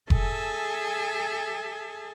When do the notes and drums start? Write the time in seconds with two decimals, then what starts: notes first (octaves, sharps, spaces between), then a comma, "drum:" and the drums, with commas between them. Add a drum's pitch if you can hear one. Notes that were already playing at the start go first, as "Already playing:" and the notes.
0.10 G#4 A4 E5 G#5 A5, drum: kick F1